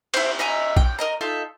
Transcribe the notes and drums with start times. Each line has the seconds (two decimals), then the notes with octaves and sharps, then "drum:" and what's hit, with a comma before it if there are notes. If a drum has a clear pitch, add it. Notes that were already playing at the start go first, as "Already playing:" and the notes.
0.14 E4 C5, drum: cymbal
0.39 D#5 E5 G#5 A#5
0.76 G5, drum: kick A#1
0.99 A#4 D#5 A#5
1.21 D#4 F4 A4 E5